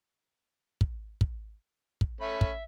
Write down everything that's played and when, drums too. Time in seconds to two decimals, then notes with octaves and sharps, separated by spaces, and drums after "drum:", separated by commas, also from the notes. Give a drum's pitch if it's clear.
0.81 drum: kick
1.21 drum: kick
2.01 drum: kick
2.21 A3 C#4 E5 B5
2.41 drum: kick